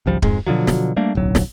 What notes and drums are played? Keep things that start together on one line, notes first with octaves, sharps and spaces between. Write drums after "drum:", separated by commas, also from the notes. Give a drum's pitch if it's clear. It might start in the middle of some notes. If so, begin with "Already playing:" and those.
G#1 C#2 F3 G3
F2 G#2 G#3, drum: kick D1
B2 D3 F3 F#3
drum: snare
G3 A3 A#3 D4
D1 B1 F#3
drum: snare